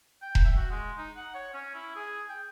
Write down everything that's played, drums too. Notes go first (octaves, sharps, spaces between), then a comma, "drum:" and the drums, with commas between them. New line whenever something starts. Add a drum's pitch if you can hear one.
G5
drum: kick E1
E5
F#4
G#3
D#4
F#5
C#5
C#4
E4
G#4
G5